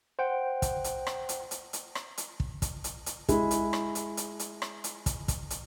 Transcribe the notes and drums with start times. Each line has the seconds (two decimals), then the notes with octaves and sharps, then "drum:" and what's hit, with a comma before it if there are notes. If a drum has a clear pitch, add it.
0.19 C5 F#5 G5
0.62 drum: kick, hi-hat
0.84 drum: hi-hat
1.07 drum: rim click
1.29 drum: hi-hat
1.51 drum: hi-hat
1.73 drum: hi-hat
1.95 drum: rim click
2.18 drum: hi-hat
2.40 drum: kick
2.62 drum: kick, hi-hat
2.84 drum: hi-hat
3.06 drum: hi-hat
3.28 G#3 E4, drum: kick, hi-hat
3.51 drum: hi-hat
3.73 drum: rim click
3.95 drum: hi-hat
4.17 drum: hi-hat
4.39 drum: hi-hat
4.62 drum: rim click
4.84 drum: hi-hat
5.06 drum: kick, hi-hat
5.28 drum: kick, hi-hat
5.50 drum: hi-hat